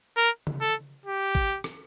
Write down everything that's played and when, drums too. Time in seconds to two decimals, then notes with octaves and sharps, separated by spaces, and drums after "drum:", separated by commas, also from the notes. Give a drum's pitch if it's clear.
0.17 A#4
0.47 drum: tom C#3
0.61 A4
1.06 G4
1.35 drum: kick A1
1.64 drum: rim click